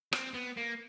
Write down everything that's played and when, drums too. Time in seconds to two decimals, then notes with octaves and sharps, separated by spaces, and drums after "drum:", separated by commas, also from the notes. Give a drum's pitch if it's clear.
0.13 C4, drum: rim click
0.34 B3
0.57 A#3